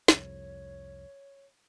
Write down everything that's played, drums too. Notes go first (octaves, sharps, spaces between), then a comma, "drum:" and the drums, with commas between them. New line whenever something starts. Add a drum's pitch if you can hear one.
C2 F2 C#5, drum: snare